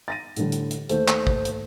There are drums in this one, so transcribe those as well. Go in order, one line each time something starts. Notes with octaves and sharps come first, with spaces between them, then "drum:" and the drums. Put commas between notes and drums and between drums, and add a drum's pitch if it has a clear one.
A6 A#6 D#7
A2 D3 G3, drum: hi-hat
drum: hi-hat
drum: hi-hat
D#2 A3 C5, drum: hi-hat
drum: clap
drum: kick
drum: hi-hat